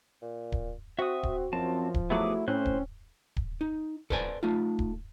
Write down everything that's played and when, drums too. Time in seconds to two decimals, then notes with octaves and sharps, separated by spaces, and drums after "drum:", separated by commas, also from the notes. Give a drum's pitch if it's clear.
0.22 A#2
0.52 drum: kick D1
0.99 C4 F#4 E5 D#6
1.23 drum: kick D1
1.53 F#2 F3 C4 A5
1.94 drum: kick D1
2.10 F#3 A3 B3 E4 G#4 D6
2.48 A2 C4 C#4 C5 F#6
2.65 drum: kick D1
3.37 drum: kick D1
3.61 D#4
4.10 A4 B4 C5 D5 G#5, drum: kick D1
4.43 A3 D#4 F4
4.79 drum: kick D1